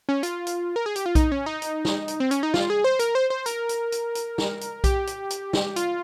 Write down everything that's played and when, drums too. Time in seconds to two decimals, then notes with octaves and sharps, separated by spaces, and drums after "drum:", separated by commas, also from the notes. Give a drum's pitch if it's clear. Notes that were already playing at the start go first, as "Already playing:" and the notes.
0.09 C#4
0.23 F4, drum: hi-hat
0.47 drum: hi-hat
0.76 A#4
0.86 G#4
0.96 G4, drum: hi-hat
1.06 F4
1.15 D#4, drum: kick B1, hi-hat
1.32 C#4
1.46 D#4
1.62 drum: hi-hat
1.85 drum: snare
2.08 drum: hi-hat
2.20 C4
2.31 C#4, drum: hi-hat
2.43 D#4
2.54 F4, drum: snare
2.70 G#4
2.84 C5
2.99 A#4, drum: hi-hat
3.15 C5
3.30 C5
3.46 A#4, drum: hi-hat
3.69 drum: hi-hat
3.92 drum: hi-hat
4.15 drum: hi-hat
4.38 drum: snare
4.61 drum: hi-hat
4.84 G4, drum: kick B1, hi-hat
5.07 drum: hi-hat
5.30 drum: hi-hat
5.53 drum: snare
5.76 F4, drum: hi-hat